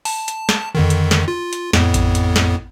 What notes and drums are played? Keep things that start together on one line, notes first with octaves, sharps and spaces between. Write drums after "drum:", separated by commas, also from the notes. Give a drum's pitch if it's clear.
A5, drum: open hi-hat
drum: hi-hat
drum: snare
F2 D3 D#3
drum: hi-hat
drum: snare
F4
drum: hi-hat
F2 A2 B3, drum: snare
drum: kick A1, hi-hat
drum: hi-hat
drum: snare